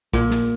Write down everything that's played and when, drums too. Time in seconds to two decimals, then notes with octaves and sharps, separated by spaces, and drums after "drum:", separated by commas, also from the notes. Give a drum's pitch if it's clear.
0.13 A#2, drum: kick, hi-hat
0.30 drum: snare